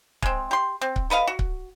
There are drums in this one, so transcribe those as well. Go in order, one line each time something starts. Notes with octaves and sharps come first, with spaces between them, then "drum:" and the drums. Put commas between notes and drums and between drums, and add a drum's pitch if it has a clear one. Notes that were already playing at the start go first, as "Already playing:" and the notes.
G#3 C4, drum: kick C#1
G4 C6
C4
drum: kick C#1
A4 B4 D#5 F5
F#4
drum: kick C#1